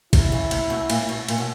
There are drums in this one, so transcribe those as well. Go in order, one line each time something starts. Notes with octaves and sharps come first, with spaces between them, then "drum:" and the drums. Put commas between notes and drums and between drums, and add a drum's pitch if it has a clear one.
C3 E4, drum: kick A1, cymbal
C#3
C3, drum: cymbal
B2
A#2, drum: cymbal
B2
A#2, drum: cymbal
B2